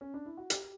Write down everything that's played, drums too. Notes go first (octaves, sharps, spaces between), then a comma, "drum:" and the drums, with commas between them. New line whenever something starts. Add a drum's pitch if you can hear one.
C#4
D4
E4
F#4
G4, drum: hi-hat